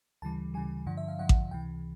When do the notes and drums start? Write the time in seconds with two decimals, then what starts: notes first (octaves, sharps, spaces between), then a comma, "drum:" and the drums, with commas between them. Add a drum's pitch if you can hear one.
0.22 D2 C#3 E3 G3 A5
0.54 D2 C#3 E3 G3 G#5
0.86 G2 D3 F3 F#5
0.97 E5
1.08 F5
1.19 G2 D3 F3 F#5
1.29 drum: kick A1
1.51 C#2 C3 E3 G5